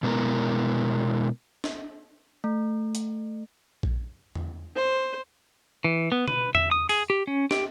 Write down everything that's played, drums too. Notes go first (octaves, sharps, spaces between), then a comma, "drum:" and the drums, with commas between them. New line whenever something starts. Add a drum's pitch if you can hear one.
B2 G#3 B3 D4 E4 A#4
drum: snare
A3
drum: hi-hat
drum: kick A#1
drum: tom E2
C5
E3
B3
B4, drum: tom B2
E5, drum: tom E2
D#6
G#4, drum: open hi-hat
G4
C#4
G4, drum: snare